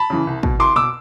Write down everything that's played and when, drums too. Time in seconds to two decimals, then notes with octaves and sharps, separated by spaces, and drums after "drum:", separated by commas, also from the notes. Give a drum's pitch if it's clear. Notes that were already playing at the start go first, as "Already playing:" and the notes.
Already playing: A5 B5
0.10 C#3 E3
0.27 C2
0.43 B2, drum: kick
0.59 C2 C6 D6
0.76 B2 D6 E6